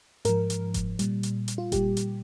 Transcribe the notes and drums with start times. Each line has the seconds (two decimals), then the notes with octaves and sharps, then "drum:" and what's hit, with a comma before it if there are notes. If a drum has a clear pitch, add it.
0.25 G#2 F3 A#4, drum: hi-hat
0.50 drum: hi-hat
0.74 drum: kick F#1, hi-hat
0.99 A#2 G3, drum: hi-hat
1.23 drum: hi-hat
1.48 drum: hi-hat
1.58 F4
1.72 A#2 G3 G4, drum: kick F#1, hi-hat
1.97 drum: hi-hat